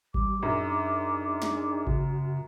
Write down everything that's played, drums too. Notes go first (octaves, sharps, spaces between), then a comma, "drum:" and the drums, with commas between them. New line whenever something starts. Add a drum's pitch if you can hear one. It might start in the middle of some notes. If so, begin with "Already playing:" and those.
G3 D6, drum: kick G#1
F#2 D4 D#4 G#4
drum: snare
C#3 F#4, drum: kick G#1